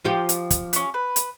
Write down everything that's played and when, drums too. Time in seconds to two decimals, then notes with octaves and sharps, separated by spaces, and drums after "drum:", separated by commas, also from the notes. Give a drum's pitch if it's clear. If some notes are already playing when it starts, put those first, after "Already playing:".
0.05 F3 F4 G4
0.29 drum: hi-hat
0.50 drum: kick, hi-hat
0.73 B3 C#4, drum: hi-hat
0.94 B4
1.16 drum: hi-hat